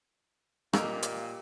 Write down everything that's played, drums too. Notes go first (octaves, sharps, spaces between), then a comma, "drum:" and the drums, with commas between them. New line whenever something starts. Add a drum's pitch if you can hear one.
A#2 A#3 G4 D#5 F5 E6, drum: rim click
drum: hi-hat